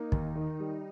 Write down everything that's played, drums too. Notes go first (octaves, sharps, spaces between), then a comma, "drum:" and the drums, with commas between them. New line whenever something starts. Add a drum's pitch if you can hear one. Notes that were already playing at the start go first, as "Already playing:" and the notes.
Already playing: A#3 D#4
D#2, drum: kick
D#3
G3